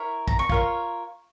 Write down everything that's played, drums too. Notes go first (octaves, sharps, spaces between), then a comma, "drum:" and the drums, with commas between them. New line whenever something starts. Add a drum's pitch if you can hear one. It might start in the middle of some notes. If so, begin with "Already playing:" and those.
Already playing: E4 A#4 C#5
A#5, drum: kick
C#6
F4 A#4 C#5, drum: kick